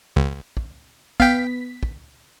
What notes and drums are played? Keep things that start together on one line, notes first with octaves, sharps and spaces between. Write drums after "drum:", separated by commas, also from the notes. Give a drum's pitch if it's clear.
C#2
drum: kick
B3 F5 G5 B6, drum: kick
drum: kick